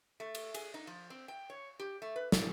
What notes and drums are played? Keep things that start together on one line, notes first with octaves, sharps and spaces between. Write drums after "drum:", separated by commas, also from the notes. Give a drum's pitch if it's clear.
A3
drum: cymbal
G#4, drum: cymbal
D#4
F3
C4
G5
C#5
G4
A3
B4
D5, drum: snare